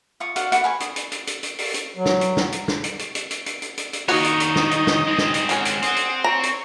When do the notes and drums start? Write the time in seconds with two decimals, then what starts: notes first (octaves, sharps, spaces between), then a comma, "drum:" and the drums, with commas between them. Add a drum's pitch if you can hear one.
0.20 F4 C#6 D#6
0.36 F#4 D5 F5 F#5, drum: hi-hat
0.52 F#4 B4 F#5, drum: hi-hat
0.64 B4 G#5 C#6
0.80 D#6, drum: hi-hat
0.96 drum: hi-hat
1.12 drum: hi-hat
1.27 drum: hi-hat
1.43 drum: hi-hat
1.59 drum: open hi-hat
1.74 drum: hi-hat
1.96 F#3
2.05 drum: snare
2.21 drum: hi-hat
2.37 drum: snare
2.52 drum: hi-hat
2.68 drum: snare
2.84 drum: hi-hat
2.99 drum: hi-hat
3.15 drum: hi-hat
3.31 drum: hi-hat
3.46 drum: hi-hat
3.62 drum: hi-hat
3.78 drum: hi-hat
3.93 drum: hi-hat
4.08 D#3 A#3 D#4 F#4 C#5 D#5, drum: open hi-hat
4.24 drum: hi-hat
4.40 drum: hi-hat
4.56 drum: snare
4.71 drum: hi-hat
4.87 drum: snare
5.07 G#3 C4
5.18 drum: snare
5.34 drum: hi-hat
5.49 C#4 D#4 F#5, drum: hi-hat
5.65 drum: hi-hat
5.83 C4 G#4 F#5, drum: hi-hat
5.96 drum: hi-hat
6.24 C#5 A#5
6.43 drum: hi-hat